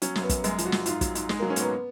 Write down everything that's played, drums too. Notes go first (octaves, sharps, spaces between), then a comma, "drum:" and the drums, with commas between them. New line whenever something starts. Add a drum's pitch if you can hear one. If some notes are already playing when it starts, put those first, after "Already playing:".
F#3 C#4, drum: hi-hat
F#2, drum: snare
B3
F#2, drum: kick, hi-hat
F#2 G#3, drum: hi-hat
F3, drum: hi-hat
F#4
F#2, drum: snare
G#2 F4, drum: hi-hat
F#3, drum: kick, hi-hat
G#2, drum: hi-hat
G#2 G#3, drum: snare
F#3 A#3
C#4
G#2 A#3 B3, drum: hi-hat